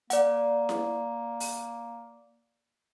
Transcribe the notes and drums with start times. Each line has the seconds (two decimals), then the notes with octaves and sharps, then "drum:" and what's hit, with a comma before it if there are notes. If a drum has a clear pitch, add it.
0.10 A#3 D5 F#5, drum: hi-hat
0.69 drum: snare E4
1.40 drum: open hi-hat